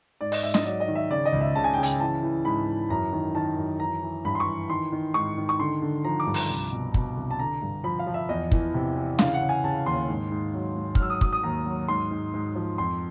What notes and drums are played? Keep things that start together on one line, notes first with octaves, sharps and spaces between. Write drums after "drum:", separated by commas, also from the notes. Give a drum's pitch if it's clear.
G#2 D5
D#5, drum: open hi-hat
G#2 E5
D#5, drum: snare
F#3 D5
D#5
D#3
E5
C#3 D5
D#5
C#2
E5
C#3 A5
G#5
C#3 G5
G#5, drum: hi-hat
E3 A5
E3
G#2 B5
E3
F#2 A#5
D#3
D#3 A5
F#2
E3 A#5
E3
G2 B5
C6
C#6
E3
D#3 C6
D#3
G#2 C#6
D#3
C#6
D3 C6
D3
F3 A#5
D6
G2
A#5, drum: open hi-hat
C2
B2
B2, drum: kick
C2
A5
D3 A#5
G2
F3 B5
F5
F3
E5
E2 D#5
E3, drum: kick
C3
E3
C#3 F5, drum: snare
F#5
C#3
G#5
C#3 A5
D#2 C6
G#2
G#2
F#3
G#2
F6, drum: kick
F#3 E6
D#6
F#3 D#6, drum: kick
D#6
D#2 A#5
F#3
G#2 C6
G#2
G#2
F3
F2 C6